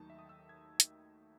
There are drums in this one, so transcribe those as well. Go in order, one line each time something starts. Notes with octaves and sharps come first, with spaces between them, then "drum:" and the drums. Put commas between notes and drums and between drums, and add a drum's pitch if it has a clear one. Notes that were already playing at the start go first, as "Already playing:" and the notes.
Already playing: D#2 D#3 F#3 A3 D#4 A5
E5
D#6
E6
G#6
drum: hi-hat